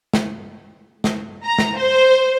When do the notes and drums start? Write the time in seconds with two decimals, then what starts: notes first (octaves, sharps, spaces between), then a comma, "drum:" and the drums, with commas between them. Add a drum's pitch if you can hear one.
0.14 drum: snare
1.04 drum: snare
1.44 A#5
1.58 drum: snare
1.77 C5